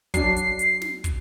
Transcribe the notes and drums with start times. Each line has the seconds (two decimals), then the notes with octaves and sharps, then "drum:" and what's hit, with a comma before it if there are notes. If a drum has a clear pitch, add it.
0.14 F#3 D4 C7, drum: kick, hi-hat
0.36 drum: hi-hat
0.59 drum: hi-hat
0.82 drum: snare
1.04 drum: kick, hi-hat